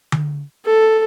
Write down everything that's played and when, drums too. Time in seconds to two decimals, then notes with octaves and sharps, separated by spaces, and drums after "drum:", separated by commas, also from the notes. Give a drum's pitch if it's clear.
0.12 drum: tom D3
0.65 A4